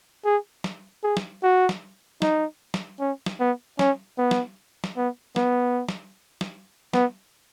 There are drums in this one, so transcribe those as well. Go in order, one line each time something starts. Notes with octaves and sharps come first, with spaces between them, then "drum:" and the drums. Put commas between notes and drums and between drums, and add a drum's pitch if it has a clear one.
G#4
drum: snare
G#4
drum: snare
F#4
drum: snare
D#4, drum: snare
drum: snare
C#4
drum: snare
B3
C#4, drum: snare
B3
drum: snare
drum: snare
B3
B3, drum: snare
drum: snare
drum: snare
B3, drum: snare